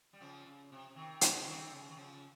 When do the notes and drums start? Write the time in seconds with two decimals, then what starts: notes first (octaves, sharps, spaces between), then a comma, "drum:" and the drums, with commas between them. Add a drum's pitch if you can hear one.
0.13 G3
0.21 C#3 F3
0.46 C#3
0.72 C3
0.96 C3 D#3
1.21 C#3 F3, drum: hi-hat
1.46 C3 D#3
1.71 C#3
1.89 D#3
1.96 C#3 F3
2.13 C#3